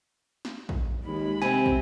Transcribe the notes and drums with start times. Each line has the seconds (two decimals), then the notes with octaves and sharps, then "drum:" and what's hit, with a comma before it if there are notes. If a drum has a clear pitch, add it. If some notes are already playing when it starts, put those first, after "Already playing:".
0.45 drum: snare
0.69 drum: kick
1.05 D#2 G#3 B5
1.42 C3 C4 G#5, drum: snare
1.66 drum: kick